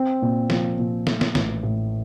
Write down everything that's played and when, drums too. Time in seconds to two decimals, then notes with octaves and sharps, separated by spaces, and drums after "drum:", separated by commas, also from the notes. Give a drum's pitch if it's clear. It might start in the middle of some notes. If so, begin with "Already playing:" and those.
Already playing: C4
0.22 A#2
0.50 F3, drum: snare
0.79 A#2
1.07 A3, drum: snare
1.21 drum: snare
1.35 A1, drum: snare
1.63 A2